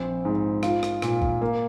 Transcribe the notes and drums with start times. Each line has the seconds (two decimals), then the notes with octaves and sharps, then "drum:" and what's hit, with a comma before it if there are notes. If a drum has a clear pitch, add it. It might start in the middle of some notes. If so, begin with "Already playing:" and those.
Already playing: A#1 C4
0.25 G#2
0.63 F4, drum: rim click
0.83 drum: rim click
1.02 A#2, drum: rim click
1.22 drum: kick G#1
1.42 A#3